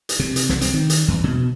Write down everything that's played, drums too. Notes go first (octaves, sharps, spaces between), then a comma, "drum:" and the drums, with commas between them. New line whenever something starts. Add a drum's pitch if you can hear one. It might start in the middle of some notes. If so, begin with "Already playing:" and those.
drum: hi-hat
C3
drum: hi-hat
C2, drum: snare
C4, drum: hi-hat
D#3
drum: hi-hat
E2
B2